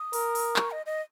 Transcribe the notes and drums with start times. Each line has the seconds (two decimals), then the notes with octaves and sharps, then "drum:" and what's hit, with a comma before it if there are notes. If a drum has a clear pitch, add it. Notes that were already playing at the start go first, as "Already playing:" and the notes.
Already playing: D#6
0.13 A#4, drum: open hi-hat
0.35 drum: open hi-hat
0.56 C#6, drum: clap
0.71 D#5
0.86 D#5